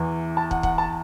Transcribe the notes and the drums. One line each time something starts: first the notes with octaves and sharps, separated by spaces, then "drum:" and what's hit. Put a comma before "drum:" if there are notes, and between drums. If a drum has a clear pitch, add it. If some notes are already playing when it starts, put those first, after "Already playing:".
Already playing: E2 E3
A5
F#5, drum: kick
F#5, drum: kick
A5